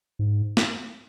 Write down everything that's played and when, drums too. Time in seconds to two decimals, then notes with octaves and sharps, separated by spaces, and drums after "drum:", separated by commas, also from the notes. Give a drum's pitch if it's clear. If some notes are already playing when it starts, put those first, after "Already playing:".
0.19 G#2
0.57 drum: snare